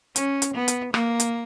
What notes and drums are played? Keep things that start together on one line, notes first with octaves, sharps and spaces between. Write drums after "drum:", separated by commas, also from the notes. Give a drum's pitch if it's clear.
C#4, drum: hi-hat
drum: hi-hat
B3
drum: hi-hat
A#3, drum: rim click
drum: hi-hat